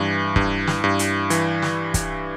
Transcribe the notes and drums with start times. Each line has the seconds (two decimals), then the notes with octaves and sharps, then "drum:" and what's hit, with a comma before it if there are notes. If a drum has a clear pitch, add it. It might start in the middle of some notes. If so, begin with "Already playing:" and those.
Already playing: G2 E3
0.36 G2, drum: kick
0.67 drum: snare
0.84 G2
0.99 drum: hi-hat
1.30 E3, drum: hi-hat
1.62 drum: snare
1.94 drum: kick, hi-hat